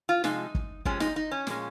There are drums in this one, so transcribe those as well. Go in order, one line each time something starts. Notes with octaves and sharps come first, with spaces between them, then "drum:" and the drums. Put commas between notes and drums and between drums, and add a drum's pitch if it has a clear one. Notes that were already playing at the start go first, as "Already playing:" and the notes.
F4
C3 F3 G#3 D#4, drum: snare
drum: kick
C3 F3 G#3 C#4, drum: kick
D#4, drum: snare
D#4
C#4
A#2 F3 G#3 C#4, drum: snare